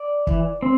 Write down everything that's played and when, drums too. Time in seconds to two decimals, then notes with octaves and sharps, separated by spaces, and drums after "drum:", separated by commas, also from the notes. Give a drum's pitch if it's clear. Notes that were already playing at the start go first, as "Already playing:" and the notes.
Already playing: D5
0.27 E3, drum: kick
0.62 C4